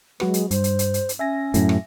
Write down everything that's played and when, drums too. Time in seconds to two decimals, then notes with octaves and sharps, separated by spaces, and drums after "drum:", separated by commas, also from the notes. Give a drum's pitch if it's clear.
0.20 F#3 G#3 F#4 B4, drum: rim click
0.34 drum: hi-hat
0.51 G2 C5, drum: hi-hat
0.64 drum: hi-hat
0.79 drum: hi-hat
0.94 drum: hi-hat
1.09 drum: hi-hat
1.19 C#4 E5 G#5 A#6
1.54 F#2 A2, drum: hi-hat
1.69 drum: rim click